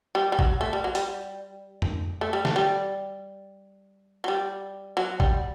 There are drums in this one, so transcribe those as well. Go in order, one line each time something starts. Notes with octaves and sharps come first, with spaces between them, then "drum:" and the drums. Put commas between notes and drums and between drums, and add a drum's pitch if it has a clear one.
G3
G3
F#3, drum: kick
A3
G3
F#3
G3, drum: hi-hat
drum: tom F2
A3
G3
A3, drum: snare
G3
F#3
G3
F#3
G3, drum: kick